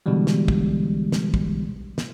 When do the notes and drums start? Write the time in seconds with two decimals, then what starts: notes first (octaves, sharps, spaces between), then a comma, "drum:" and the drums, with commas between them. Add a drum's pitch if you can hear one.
0.06 B2 D3 E3 G3 G#3
0.27 drum: snare
0.48 drum: kick
1.12 drum: snare
1.34 drum: kick
1.98 drum: snare